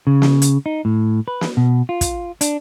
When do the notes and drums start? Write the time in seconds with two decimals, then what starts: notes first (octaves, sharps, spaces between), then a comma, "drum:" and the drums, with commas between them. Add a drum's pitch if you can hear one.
0.07 C#3
0.22 drum: snare
0.42 drum: hi-hat
0.66 D#4
0.85 A2
1.28 B4
1.41 drum: snare
1.57 B2
1.89 F4
2.01 drum: kick, hi-hat
2.41 D4, drum: hi-hat